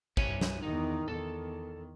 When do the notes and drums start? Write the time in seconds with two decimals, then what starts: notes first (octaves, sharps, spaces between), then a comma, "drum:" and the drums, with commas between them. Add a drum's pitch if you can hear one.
0.17 C2 G2 C#5 E5 G#5, drum: kick
0.41 drum: snare
0.63 E2 D#3 D#4
1.08 E2 D#3 A4